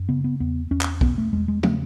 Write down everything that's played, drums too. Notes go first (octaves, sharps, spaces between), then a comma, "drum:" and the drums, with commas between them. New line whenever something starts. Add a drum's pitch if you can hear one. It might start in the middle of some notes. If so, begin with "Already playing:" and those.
Already playing: F#2
C#3 B3
B3
E2 B3
E2 C#4
drum: clap
B2 B3, drum: kick B1
A3
E2 G#3
G#3
C#3 A3, drum: tom